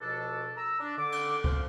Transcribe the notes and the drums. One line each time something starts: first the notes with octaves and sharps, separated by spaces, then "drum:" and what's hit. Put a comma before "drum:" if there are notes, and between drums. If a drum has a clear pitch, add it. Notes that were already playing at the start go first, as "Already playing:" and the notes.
C#2 B2 F3 D4 A4
A#5 E6
D4
D3 D6
drum: cymbal
C5 F5, drum: kick C#2